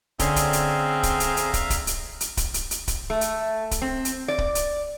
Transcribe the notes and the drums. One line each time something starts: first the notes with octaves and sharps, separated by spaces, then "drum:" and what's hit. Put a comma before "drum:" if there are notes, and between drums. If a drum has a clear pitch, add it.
D3 C4 C#4 G#4 E5 F5 A#5 C6, drum: kick, hi-hat
drum: kick, hi-hat
drum: hi-hat
drum: kick, hi-hat
drum: hi-hat
drum: hi-hat
drum: kick, hi-hat
drum: kick, hi-hat
drum: hi-hat
drum: hi-hat
drum: kick, hi-hat
drum: hi-hat
drum: hi-hat
drum: kick, hi-hat
A3
drum: hi-hat
drum: kick, hi-hat
C4
drum: hi-hat
D5
drum: kick
drum: hi-hat